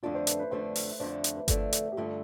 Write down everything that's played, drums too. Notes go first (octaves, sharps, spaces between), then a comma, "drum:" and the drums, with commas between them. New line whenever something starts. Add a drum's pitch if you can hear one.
F2 D3 A3 D4 F4
C5
B4, drum: hi-hat
B4
F2 D3 A3 D4 C5
drum: open hi-hat
F2 D3 A3 D4 C5
drum: hi-hat
B4
F2 D3 A3 D4 A4, drum: kick G1, hi-hat
drum: hi-hat
G4
G2 D3 A3 F4